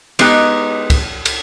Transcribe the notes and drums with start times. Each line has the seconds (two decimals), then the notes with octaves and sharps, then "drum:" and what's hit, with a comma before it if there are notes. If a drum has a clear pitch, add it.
0.19 G#3 B3 D#4 G4, drum: cymbal
0.90 drum: kick, cymbal
1.25 drum: cymbal